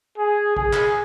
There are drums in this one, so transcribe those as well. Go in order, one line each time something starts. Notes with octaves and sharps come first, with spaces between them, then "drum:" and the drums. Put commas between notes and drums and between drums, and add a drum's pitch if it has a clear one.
G#4
G#4, drum: kick
drum: clap